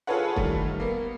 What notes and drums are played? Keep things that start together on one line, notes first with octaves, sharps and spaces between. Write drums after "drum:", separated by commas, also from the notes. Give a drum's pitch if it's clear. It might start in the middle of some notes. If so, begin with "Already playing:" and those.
F4 G#4 A4 B4 C#5 F#5
D#3 G3 A3, drum: kick
A#3 B3